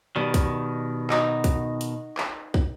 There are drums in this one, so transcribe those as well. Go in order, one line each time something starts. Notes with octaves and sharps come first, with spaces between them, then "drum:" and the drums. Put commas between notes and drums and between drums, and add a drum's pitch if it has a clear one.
B2 D#3 G3
drum: kick, hi-hat
D#4 F#4, drum: clap
drum: kick, hi-hat
drum: hi-hat
drum: clap
drum: kick